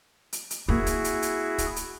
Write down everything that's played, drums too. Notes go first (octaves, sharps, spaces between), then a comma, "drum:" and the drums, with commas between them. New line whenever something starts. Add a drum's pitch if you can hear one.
drum: hi-hat
drum: hi-hat
A#3 C4 E4 F#4 G#4
drum: kick, hi-hat
drum: hi-hat
drum: hi-hat
drum: kick, hi-hat
drum: hi-hat